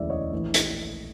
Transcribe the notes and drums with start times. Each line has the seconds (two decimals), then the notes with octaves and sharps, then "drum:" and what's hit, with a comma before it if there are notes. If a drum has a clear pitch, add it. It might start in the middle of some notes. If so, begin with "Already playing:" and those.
Already playing: E1 D2 C#3 E3 D5 E5
0.10 C#5 D#5
0.33 A#1 A2 E3
0.54 drum: hi-hat